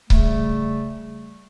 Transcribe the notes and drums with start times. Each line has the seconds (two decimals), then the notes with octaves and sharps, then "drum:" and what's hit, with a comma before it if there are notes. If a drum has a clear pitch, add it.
0.10 C#3 G3 A3, drum: kick C#1